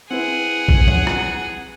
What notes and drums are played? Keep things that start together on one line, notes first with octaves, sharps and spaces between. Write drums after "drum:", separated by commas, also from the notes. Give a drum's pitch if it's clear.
C4 E4 G#4 B4 F#5
drum: kick
drum: tom F3
drum: rim click